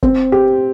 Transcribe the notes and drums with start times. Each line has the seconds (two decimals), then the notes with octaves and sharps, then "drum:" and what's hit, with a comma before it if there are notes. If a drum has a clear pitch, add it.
0.03 C4, drum: kick
0.32 G4